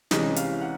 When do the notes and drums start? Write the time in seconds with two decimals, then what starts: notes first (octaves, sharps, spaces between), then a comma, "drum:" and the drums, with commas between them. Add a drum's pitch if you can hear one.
0.11 C2 C3 E3 G#3 C#4 D#5, drum: snare
0.36 F5, drum: hi-hat
0.62 F#5